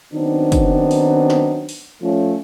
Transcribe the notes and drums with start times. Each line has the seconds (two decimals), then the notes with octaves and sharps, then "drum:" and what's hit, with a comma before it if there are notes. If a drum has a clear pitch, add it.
0.13 D#3 F#3 B3 C4 D4 D#4
0.52 drum: kick, hi-hat
0.91 drum: open hi-hat
1.30 drum: snare
1.69 drum: open hi-hat
2.02 F3 A3 C#4